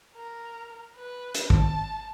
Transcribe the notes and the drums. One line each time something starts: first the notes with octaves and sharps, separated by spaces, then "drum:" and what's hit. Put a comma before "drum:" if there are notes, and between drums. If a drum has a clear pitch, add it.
A#4
B4
drum: hi-hat
G#1 A5, drum: kick